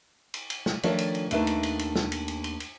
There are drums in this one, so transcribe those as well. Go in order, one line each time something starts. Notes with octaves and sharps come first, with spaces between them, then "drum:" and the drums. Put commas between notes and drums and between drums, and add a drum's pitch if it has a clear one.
drum: cymbal
drum: cymbal
drum: snare
D#3 F3 A3 D4 F4 C#5, drum: cymbal
drum: cymbal
drum: cymbal
D#2 A3 D4 D#4 B4, drum: cymbal
drum: cymbal
drum: cymbal
drum: cymbal
drum: snare
drum: cymbal
drum: cymbal
drum: cymbal
drum: cymbal